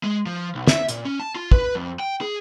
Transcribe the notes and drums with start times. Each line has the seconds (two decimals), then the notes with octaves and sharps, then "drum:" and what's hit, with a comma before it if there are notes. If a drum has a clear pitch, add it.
0.03 G#3
0.26 F3
0.55 B1
0.67 E5, drum: snare
0.89 A#2, drum: hi-hat
1.05 C#4
1.20 A5
1.36 F4
1.52 B4, drum: kick
1.75 F2
2.00 G5
2.21 G#4